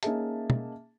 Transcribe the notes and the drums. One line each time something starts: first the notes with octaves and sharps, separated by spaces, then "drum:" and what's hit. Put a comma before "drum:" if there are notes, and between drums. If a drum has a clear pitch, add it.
A#3 C#4 D#4 G#4 E5 A5, drum: hi-hat
drum: tom